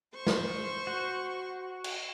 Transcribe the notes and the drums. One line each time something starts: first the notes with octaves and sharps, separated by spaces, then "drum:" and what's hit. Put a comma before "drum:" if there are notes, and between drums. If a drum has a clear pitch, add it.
C5 C6 C#6
drum: snare
F#4
drum: cymbal